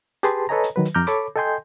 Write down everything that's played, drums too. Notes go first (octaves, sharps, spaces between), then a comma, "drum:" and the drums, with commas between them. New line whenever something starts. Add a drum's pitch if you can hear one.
G4 G#4 B4 A5 C6, drum: hi-hat
A4 B4 C#5 D#5 G#5 A#5
drum: hi-hat
D#3 F#3 B4
drum: hi-hat
F2 A#5 D6 F6 G6
A4 C#5 B5 D6, drum: hi-hat
A4 D#5 G5 G#5 C6 G6